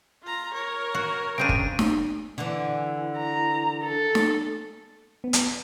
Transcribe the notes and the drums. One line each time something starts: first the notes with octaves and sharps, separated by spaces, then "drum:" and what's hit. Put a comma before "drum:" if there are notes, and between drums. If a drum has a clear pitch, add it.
F4 A#5
A#4 C#5
F#4
C#3 C4 D4 D7 D#7
drum: kick
drum: snare
D3 E3
A#5
A4
drum: snare
B3
drum: hi-hat